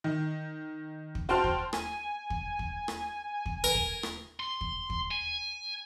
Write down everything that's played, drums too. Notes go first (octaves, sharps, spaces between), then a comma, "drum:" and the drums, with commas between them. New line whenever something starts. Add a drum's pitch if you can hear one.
D#3
drum: kick
F#4 C5 G5 A5 C6 F6
drum: kick
G#5, drum: rim click
drum: kick
drum: kick
drum: rim click
drum: kick
A#4
drum: kick
drum: rim click
C6
drum: kick
drum: kick
G#5